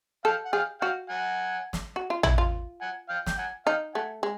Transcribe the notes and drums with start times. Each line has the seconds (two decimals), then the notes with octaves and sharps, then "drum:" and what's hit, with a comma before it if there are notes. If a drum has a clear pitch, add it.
0.25 A4 F5 G5
0.45 F#5
0.53 G#4 F5 G5
0.81 F#4 F5 G5
1.10 F#5 G#5
1.73 drum: snare
1.96 F#4
2.10 F4
2.23 E4, drum: tom A1
2.38 F4
2.81 F#5 G#5
3.09 F5 G5
3.26 G5, drum: snare
3.38 F#5 G#5
3.67 D#4 F5 G5
3.95 A3 F#5 G#5
4.23 G#3